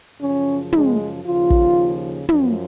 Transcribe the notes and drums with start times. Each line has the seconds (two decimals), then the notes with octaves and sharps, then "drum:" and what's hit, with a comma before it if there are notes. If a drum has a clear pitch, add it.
0.20 F#2 C#3 F3 C#4
0.73 G#3, drum: tom
1.25 D#2 C#3 F3 F4
1.50 drum: kick
2.29 F#2 F3, drum: tom